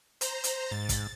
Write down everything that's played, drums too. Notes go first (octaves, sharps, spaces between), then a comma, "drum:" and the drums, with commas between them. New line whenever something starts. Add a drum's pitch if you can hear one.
C5 A#5, drum: hi-hat
drum: hi-hat
G#2 A6
drum: kick, hi-hat